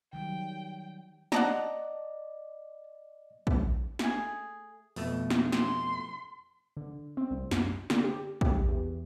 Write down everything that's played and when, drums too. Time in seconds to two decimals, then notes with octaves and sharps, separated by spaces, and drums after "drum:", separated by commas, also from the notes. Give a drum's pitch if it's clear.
0.13 D#3 F#3 G3 G5
1.32 D5 D#5 F#5 A5 A#5, drum: snare
3.47 drum: kick
3.99 A3 G#4, drum: snare
4.96 F2 B2 A3, drum: open hi-hat
5.30 drum: snare
5.52 C6, drum: snare
6.77 D3
7.17 C4
7.31 C2
7.51 F#2, drum: snare
7.90 D3, drum: snare
8.04 G4
8.41 G4, drum: kick
8.68 E2